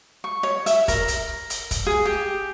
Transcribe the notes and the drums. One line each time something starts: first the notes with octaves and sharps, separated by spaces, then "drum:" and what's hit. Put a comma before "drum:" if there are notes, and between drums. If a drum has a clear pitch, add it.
C#6
C#5
E5, drum: hi-hat
A#4, drum: kick, hi-hat
drum: hi-hat
drum: hi-hat
drum: kick, hi-hat
G#4
G4